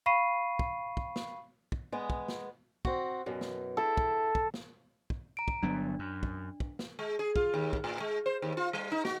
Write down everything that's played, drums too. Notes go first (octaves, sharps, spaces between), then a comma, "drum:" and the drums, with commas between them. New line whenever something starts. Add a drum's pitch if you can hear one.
F5 B5 C#6 C7 D#7
drum: kick
drum: kick
drum: snare
drum: kick
G#3 B3
drum: kick
drum: snare
C4 F#4, drum: kick
F#2 B2 E3
drum: snare
E4 A4
drum: kick
drum: kick
drum: snare
drum: kick
A#5 D7
drum: kick
G1 F#3 B3 D4
F#2
drum: kick
drum: kick
drum: snare
G#3
G#4
F4, drum: kick
D#2
drum: kick
A2
G#3
C5
D#2
F4
G3
D#4
F#4, drum: snare